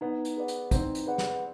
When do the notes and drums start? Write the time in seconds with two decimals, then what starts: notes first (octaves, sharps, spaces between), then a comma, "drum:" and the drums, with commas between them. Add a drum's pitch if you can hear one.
0.01 B3 D#4
0.25 drum: hi-hat
0.36 G#4 B4 D5 F#5
0.48 drum: hi-hat
0.71 C4 D#4, drum: kick G#1, hi-hat
0.95 drum: hi-hat
1.07 G#4 B4 D5 F#5
1.18 drum: snare